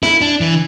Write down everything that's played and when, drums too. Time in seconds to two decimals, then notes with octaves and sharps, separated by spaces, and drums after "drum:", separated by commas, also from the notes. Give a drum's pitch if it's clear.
0.03 E4, drum: snare
0.21 D4
0.41 E3